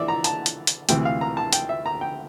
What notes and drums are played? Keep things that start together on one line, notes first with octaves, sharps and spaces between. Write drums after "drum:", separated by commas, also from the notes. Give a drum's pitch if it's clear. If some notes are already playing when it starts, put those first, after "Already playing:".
Already playing: E3 D5 E5
A#5
A5, drum: hi-hat
drum: hi-hat
drum: hi-hat
D2 C3 E3 G5, drum: hi-hat
F5
A#5
A5
G5, drum: hi-hat
E5
A#5
G5